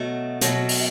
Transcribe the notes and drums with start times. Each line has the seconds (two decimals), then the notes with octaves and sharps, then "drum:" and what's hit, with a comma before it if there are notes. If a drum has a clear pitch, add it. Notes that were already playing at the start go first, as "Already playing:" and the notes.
Already playing: B2 F#3 A3
0.41 B2 F#3, drum: hi-hat
0.69 drum: open hi-hat